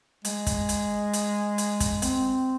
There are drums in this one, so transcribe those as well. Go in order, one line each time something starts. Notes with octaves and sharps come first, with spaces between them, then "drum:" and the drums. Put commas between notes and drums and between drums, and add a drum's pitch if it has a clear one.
G#3, drum: hi-hat
drum: kick, hi-hat
drum: hi-hat
drum: hi-hat
drum: hi-hat
drum: kick, hi-hat
C4, drum: hi-hat